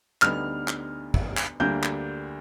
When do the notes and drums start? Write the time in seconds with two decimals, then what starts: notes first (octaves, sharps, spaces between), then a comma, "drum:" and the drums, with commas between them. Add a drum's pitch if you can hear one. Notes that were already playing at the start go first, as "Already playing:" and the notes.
0.22 D2 D3 G3 B3 D#4 F6, drum: clap
0.68 drum: clap
1.14 drum: kick
1.37 drum: clap
1.60 D2 D3 G3 A#3 G6
1.83 drum: clap